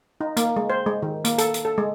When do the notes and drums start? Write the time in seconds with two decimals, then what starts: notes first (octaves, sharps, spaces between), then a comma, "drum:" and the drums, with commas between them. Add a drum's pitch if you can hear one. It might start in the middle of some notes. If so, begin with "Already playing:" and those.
0.21 D#4
0.37 A#3, drum: hi-hat
0.56 G#3
0.70 C5
0.86 G#3
1.03 D#3
1.25 A#3, drum: hi-hat
1.38 A4, drum: hi-hat
1.54 drum: hi-hat
1.65 A4
1.78 G#3